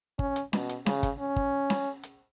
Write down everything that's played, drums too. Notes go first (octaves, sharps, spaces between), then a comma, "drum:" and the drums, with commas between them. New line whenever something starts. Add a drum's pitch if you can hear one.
C#4, drum: kick
drum: hi-hat
B2, drum: snare C#4
drum: hi-hat
C#3, drum: snare C#4
drum: kick, hi-hat
C#4
drum: kick
drum: snare C#4
drum: hi-hat